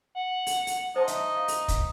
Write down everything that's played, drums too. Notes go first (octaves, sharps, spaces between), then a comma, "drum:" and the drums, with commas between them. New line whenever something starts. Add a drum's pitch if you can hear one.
F#5
drum: open hi-hat
drum: open hi-hat
D#4 C5 A5 C6
E5, drum: hi-hat
F5
drum: open hi-hat
drum: kick, hi-hat